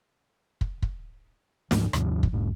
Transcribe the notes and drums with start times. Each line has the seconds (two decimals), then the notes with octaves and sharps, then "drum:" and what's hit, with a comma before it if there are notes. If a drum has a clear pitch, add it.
0.61 drum: kick
0.82 drum: kick
1.71 D2 G#2 E3 F3, drum: snare
1.93 D#2 G#2 C3 F3, drum: rim click
2.23 drum: kick
2.33 B1 E2 G#2